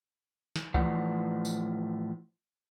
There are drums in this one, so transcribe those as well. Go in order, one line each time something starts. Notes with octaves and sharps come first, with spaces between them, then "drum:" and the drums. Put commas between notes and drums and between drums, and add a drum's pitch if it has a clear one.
drum: snare
A2 E3 F3 D5 F#5, drum: kick C2
drum: tambourine